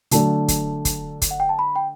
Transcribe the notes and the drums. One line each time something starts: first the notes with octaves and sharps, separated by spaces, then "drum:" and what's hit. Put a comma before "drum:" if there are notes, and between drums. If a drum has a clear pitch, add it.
D3 F#3 A3 D4 A5, drum: hi-hat
drum: kick, hi-hat
drum: kick, hi-hat
drum: kick, hi-hat
F#5
G5
A5
B5
G5